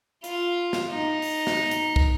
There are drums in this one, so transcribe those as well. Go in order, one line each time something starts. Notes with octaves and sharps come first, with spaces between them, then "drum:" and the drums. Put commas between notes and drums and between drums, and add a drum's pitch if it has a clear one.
F4, drum: hi-hat
drum: snare
D#4
drum: open hi-hat
drum: snare
drum: hi-hat
drum: kick